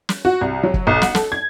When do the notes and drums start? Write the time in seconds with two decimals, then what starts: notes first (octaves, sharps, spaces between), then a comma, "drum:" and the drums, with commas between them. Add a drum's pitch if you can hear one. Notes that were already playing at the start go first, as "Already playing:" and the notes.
0.09 drum: snare
0.25 F#4
0.41 C2
0.63 F#3
0.74 drum: kick
0.87 B1
1.02 F#5, drum: snare
1.15 A4, drum: snare
1.32 G#6